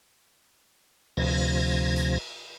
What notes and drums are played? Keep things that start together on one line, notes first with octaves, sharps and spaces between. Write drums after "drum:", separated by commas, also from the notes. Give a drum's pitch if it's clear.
D2 C3 F3 G#6 A#6, drum: cymbal
drum: hi-hat